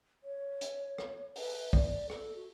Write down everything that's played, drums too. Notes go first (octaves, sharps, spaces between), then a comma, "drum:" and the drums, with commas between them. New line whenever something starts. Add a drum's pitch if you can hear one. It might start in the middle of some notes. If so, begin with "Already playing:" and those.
C#5
drum: hi-hat
drum: rim click
B4, drum: open hi-hat
D5, drum: kick
A4, drum: rim click
F#4